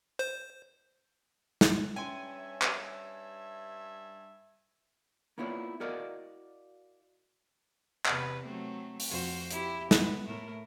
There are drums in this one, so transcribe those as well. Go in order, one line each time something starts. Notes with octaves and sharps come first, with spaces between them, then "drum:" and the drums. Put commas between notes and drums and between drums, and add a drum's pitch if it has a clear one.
C5
drum: snare
G2 C#4 E5 G5 G#5 C6
drum: clap
A#3 B3 E4 F4 C#5 D5
E4 F#4 A#4 D5 D#5 F5
E2 C3 B4, drum: clap
F#3 A3 C4
drum: open hi-hat
F2 F#4 C5
E4 G4, drum: hi-hat
B3, drum: snare
A2 A3 A#4